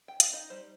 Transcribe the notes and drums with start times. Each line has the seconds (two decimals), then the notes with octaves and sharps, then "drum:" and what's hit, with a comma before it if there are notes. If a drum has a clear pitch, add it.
0.08 G5
0.20 F5, drum: hi-hat
0.33 D#4 D#5
0.50 G3 C5